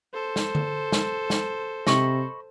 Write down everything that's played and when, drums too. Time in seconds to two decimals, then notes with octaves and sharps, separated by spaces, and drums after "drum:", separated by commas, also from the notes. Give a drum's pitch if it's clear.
0.13 A4 C5
0.36 drum: snare
0.55 drum: tom D3
0.92 drum: snare
1.30 drum: snare
1.87 C3 D#5 B5 C#6, drum: snare